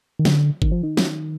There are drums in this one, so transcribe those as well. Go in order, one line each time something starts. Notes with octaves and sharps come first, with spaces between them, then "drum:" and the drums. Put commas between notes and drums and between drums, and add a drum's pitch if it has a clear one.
D#3
D3, drum: snare
D#3, drum: kick G1
F3
D#3
drum: snare